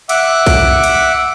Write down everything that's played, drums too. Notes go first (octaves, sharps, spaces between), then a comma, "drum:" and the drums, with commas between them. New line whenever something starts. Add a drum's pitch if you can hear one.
E5 F#5 D6, drum: cymbal
drum: kick B1, cymbal
drum: cymbal